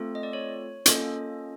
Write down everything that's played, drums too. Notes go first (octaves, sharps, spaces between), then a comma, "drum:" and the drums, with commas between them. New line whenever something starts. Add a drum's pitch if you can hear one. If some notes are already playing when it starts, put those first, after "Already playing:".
Already playing: A3 C4 F4 A4
D#5
D5
C#5
A#3 C#4 F4 A4 D#5, drum: hi-hat